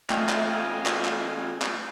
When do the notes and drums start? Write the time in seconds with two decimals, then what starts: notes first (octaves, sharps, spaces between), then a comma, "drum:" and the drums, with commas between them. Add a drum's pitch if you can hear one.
0.10 E2 A3 F4 D#5 F5 G5 G#5, drum: clap
0.29 drum: clap
0.86 drum: clap
1.05 drum: clap
1.62 drum: clap